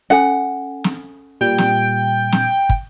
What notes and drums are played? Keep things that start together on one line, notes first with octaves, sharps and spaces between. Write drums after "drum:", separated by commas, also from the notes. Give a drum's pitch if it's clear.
C#4 A4 F#5 G#5
drum: snare
A#2 G3 G5
drum: snare
drum: snare
drum: kick